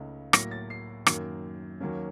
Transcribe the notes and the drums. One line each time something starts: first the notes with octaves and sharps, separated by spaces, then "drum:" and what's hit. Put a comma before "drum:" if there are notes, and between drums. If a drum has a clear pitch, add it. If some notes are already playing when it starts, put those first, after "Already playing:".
Already playing: C#2 C#3 A3 D#4
A2 F#3 A#3 A#6, drum: rim click
A6
C7
F#2 D#3 A#3, drum: rim click
D#2 D#3 F#3 A#3 C#4